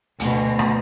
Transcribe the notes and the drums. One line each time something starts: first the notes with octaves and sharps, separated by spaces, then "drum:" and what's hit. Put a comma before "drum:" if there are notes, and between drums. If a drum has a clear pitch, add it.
D2 B2, drum: hi-hat
drum: rim click